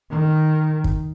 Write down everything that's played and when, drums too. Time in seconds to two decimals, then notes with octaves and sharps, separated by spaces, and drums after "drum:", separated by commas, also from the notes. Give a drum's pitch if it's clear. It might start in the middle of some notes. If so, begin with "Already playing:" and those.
0.11 D#3
0.84 drum: kick